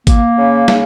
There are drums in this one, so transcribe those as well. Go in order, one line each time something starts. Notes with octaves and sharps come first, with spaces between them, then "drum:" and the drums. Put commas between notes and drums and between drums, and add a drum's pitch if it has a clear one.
A#3, drum: kick G#1, hi-hat
C#3
C#3, drum: snare